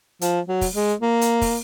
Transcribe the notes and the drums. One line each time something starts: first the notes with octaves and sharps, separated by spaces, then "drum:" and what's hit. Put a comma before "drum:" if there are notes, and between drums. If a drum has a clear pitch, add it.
F3, drum: hi-hat
F#3
drum: kick, open hi-hat
G#3
A#3
drum: hi-hat
drum: kick, open hi-hat